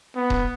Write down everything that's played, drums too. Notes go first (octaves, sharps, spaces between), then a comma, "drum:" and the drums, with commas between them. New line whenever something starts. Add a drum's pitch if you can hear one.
B3
drum: kick D#1